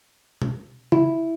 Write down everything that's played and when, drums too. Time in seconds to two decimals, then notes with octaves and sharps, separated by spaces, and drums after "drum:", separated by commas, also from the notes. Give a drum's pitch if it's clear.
0.42 drum: tom B2
0.92 E4, drum: tom C#3